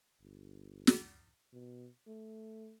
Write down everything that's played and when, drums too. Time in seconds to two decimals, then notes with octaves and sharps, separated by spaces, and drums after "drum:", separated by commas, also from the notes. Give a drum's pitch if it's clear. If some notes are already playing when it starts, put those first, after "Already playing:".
0.21 G1
0.87 drum: snare
1.53 B2
2.07 A3